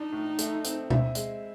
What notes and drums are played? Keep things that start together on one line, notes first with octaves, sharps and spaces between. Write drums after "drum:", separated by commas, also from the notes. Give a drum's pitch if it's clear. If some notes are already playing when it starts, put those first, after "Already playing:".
Already playing: D4 D#4
A2
A3, drum: hi-hat
C4, drum: hi-hat
E4, drum: tom B2
G#3, drum: hi-hat